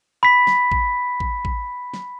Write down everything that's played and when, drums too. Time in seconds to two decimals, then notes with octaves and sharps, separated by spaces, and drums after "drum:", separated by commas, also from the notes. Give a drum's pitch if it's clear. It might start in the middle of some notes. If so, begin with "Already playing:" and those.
0.23 B5 B6
0.47 drum: snare
0.72 drum: kick
1.20 drum: kick
1.45 drum: kick
1.94 drum: snare